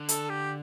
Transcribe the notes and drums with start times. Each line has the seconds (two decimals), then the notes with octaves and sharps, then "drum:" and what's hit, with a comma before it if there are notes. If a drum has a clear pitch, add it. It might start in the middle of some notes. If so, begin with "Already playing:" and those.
Already playing: D3
0.09 A4, drum: hi-hat
0.29 G4